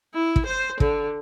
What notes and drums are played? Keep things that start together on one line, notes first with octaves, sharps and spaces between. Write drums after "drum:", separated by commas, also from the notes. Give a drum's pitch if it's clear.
E4
drum: kick
C5
D3, drum: kick